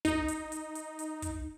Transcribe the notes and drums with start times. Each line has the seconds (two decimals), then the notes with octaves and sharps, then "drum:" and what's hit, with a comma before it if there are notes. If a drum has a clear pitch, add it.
0.05 D#4, drum: kick, hi-hat
0.28 drum: hi-hat
0.52 drum: hi-hat
0.75 drum: hi-hat
0.99 drum: hi-hat
1.22 drum: kick, hi-hat